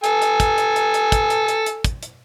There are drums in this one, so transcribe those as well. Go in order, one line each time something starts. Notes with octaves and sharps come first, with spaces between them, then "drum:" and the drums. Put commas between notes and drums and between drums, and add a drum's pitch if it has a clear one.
A4 G#5, drum: hi-hat
drum: hi-hat
drum: kick, hi-hat
drum: hi-hat
drum: hi-hat
drum: hi-hat
drum: kick, hi-hat
drum: hi-hat
drum: hi-hat
drum: hi-hat
drum: kick, hi-hat
drum: hi-hat